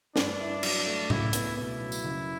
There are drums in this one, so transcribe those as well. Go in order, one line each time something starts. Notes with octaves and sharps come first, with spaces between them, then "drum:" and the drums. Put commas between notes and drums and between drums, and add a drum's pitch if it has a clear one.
G2 D4, drum: snare
E4
F#3, drum: cymbal
A3
C#2 E4, drum: tom A2
B3, drum: hi-hat
B2 E4
F#3
drum: tambourine
F#1